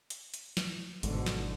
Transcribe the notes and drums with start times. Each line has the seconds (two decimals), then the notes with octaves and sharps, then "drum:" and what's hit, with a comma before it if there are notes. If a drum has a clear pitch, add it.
0.10 drum: hi-hat
0.34 drum: hi-hat
0.57 drum: snare
1.03 G#1 G#2 B2 D3, drum: hi-hat
1.26 drum: snare